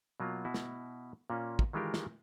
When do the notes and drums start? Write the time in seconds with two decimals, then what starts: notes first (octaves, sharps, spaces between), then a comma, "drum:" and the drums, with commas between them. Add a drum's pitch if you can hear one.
0.20 B2 F#3 A#3 F4
0.45 B2 E4 F#4
0.54 drum: snare
1.30 A#2 A#3 C#4
1.59 drum: kick
1.73 D#3 E3 G#3 F4 G4 A#4
1.94 drum: snare